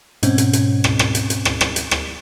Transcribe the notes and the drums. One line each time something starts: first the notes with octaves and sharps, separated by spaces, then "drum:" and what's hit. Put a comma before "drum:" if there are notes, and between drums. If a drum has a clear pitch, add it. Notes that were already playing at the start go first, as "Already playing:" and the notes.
G#2 B2 C4 C#4, drum: hi-hat
drum: hi-hat
drum: hi-hat
drum: rim click
drum: rim click
drum: hi-hat
drum: hi-hat
drum: rim click
drum: rim click
drum: hi-hat
drum: rim click